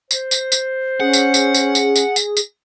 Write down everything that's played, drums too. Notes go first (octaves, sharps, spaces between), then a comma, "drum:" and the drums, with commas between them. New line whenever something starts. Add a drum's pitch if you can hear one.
C5, drum: tambourine
drum: tambourine
drum: tambourine
C#4 G#4 F#5
drum: tambourine
drum: tambourine
drum: tambourine
drum: tambourine
drum: tambourine
drum: tambourine
drum: tambourine